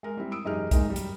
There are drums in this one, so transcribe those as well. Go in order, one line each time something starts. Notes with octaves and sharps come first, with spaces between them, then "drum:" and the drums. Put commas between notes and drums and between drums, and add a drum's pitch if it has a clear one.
G#3 A#4
G3 G#3 C4 E4
D#6 E6 D7
E1 F#2 D#4 G4 G#4 F6
G#2 G#3 A#3 D#4, drum: kick B1, hi-hat
F#2 G3
drum: hi-hat